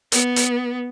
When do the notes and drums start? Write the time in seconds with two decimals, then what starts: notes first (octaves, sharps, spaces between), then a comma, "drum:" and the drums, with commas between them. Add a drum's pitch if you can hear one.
0.12 B3, drum: hi-hat
0.36 drum: hi-hat